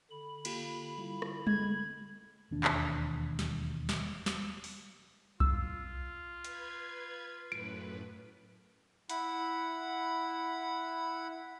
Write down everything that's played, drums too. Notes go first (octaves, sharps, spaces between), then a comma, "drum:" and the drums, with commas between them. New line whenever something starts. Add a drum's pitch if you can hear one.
D3 B5
A#3 F4 G4, drum: cymbal
G3 E4 F4
drum: rim click
G#3 A3 G#6, drum: tom G3
E1 D#2 D4
drum: clap
drum: snare
drum: snare
drum: snare
drum: open hi-hat
F4 E6, drum: kick B1
B4 G#6, drum: hi-hat
F#2 A2 B4 D7
E4 F#5 B5, drum: hi-hat